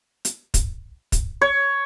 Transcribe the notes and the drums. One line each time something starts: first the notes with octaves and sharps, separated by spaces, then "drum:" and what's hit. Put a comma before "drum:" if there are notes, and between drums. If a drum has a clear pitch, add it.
drum: hi-hat
drum: kick, hi-hat
drum: kick, hi-hat
C#5